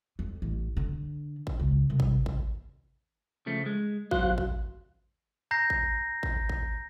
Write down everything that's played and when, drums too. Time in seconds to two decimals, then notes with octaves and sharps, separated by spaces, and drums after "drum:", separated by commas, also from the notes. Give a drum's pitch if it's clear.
0.19 F2
0.42 A1
0.77 D3
1.47 drum: kick G#1
1.60 C#2
1.90 C2
2.00 drum: kick G#1
2.26 drum: kick G#1
3.46 C#3 F3 A3
3.66 G#3
4.11 B1 F#2 F#4 C5 F5 F#6, drum: kick G#1
4.38 drum: kick G#1
5.51 A#5 G6 A#6 C7
5.70 drum: kick G#1
6.23 drum: kick G#1
6.49 drum: kick G#1